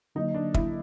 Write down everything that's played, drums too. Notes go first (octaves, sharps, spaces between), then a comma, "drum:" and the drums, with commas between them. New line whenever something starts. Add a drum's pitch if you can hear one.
D3 F#3 A#3 D#4
D4
E4, drum: kick